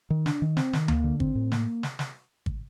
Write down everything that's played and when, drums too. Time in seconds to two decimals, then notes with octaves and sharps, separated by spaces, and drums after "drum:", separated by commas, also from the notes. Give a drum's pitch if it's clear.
0.10 D#3
0.26 D4, drum: snare
0.42 D#3
0.57 C4, drum: snare
0.73 D#3, drum: snare
0.88 A#3, drum: tom D2
1.04 D3
1.20 C4, drum: kick
1.35 A2
1.52 A#3, drum: snare
1.83 drum: snare
1.99 drum: snare
2.46 drum: kick